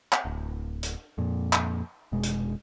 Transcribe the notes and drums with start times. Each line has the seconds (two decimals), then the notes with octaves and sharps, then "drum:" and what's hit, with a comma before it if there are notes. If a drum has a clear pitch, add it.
0.13 drum: clap
0.25 D1
0.83 drum: hi-hat
1.18 F2 A#2
1.53 drum: clap
2.12 F1 B2 G#3
2.23 drum: hi-hat